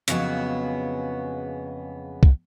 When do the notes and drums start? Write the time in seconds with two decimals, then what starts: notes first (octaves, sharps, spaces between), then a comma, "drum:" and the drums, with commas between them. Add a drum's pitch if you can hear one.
0.08 F2 C#3 F#3 G#3 B3 F#4, drum: hi-hat
2.23 drum: kick